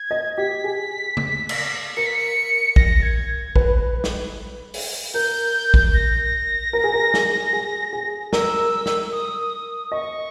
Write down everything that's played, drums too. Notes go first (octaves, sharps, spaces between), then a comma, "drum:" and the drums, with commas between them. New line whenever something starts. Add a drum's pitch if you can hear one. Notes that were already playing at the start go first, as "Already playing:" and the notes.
Already playing: G#6
D#5
G4 B6
G#4
drum: tom C#3
drum: cymbal
A#4 C#7
B6
C#7
A#6, drum: kick A#1
G#6
B4, drum: kick A#1
drum: snare
drum: open hi-hat
A#4 G6
drum: kick A#1
A#6
A#4
G#4
A#4
G#4, drum: snare
G#4
G#4
A#4 E6, drum: snare
drum: snare
D#6
D#5 C#6